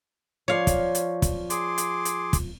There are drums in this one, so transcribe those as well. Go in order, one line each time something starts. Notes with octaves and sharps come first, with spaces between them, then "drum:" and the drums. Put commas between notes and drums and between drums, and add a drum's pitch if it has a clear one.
F3 C#5 D5 F5
drum: kick, hi-hat
drum: hi-hat
drum: kick, hi-hat
G#4 C6 D6, drum: hi-hat
drum: hi-hat
drum: hi-hat
drum: kick, hi-hat